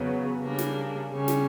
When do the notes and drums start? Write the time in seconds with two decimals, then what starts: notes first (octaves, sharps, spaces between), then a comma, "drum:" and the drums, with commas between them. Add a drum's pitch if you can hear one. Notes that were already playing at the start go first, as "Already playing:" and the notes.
Already playing: E2 C#3 F#3 B3
0.41 C#3 G3 A#3 D4
0.58 drum: snare
1.10 C#3 G3 C#4
1.28 drum: snare